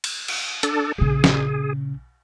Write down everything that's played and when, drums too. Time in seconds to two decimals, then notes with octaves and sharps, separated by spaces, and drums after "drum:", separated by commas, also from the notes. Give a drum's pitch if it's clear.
0.04 drum: cymbal
0.28 drum: cymbal
0.63 D4 A4, drum: hi-hat
0.98 A#1 C#3 G#4
1.24 drum: snare